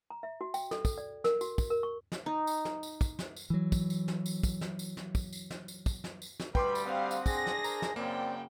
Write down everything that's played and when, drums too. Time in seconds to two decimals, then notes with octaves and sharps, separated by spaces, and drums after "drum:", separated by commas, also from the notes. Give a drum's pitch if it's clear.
0.10 A#5
0.23 E5
0.41 F#4
0.54 G5, drum: tambourine
0.71 A4, drum: snare
0.85 A4, drum: kick, tambourine
0.98 D5
1.24 A#4, drum: snare
1.41 F#4, drum: tambourine
1.58 drum: kick, tambourine
1.70 A#4
1.83 C#6
2.12 drum: snare
2.26 D#4
2.47 drum: tambourine
2.65 drum: snare
2.83 drum: tambourine
3.01 drum: kick, tambourine
3.19 drum: snare
3.36 drum: tambourine
3.50 E3 F#3
3.72 drum: kick, tambourine
3.90 drum: tambourine
4.08 drum: snare
4.26 drum: tambourine
4.43 drum: kick, tambourine
4.61 drum: snare
4.79 drum: tambourine
4.97 drum: snare
5.15 drum: kick, tambourine
5.33 drum: tambourine
5.50 drum: snare
5.68 drum: tambourine
5.86 drum: kick, tambourine
6.04 drum: snare
6.22 drum: tambourine
6.40 drum: snare
6.55 D2 G3 B4 G5 C6 D6, drum: kick
6.75 drum: tambourine
6.86 C4 F5 F#5 D#6
7.11 drum: tambourine
7.26 D4 G#4 A#6, drum: kick, tambourine
7.47 drum: snare
7.64 A#4 C5 A#5, drum: tambourine
7.82 drum: snare
7.96 F#2 C#3 A#3 C4 D5 G5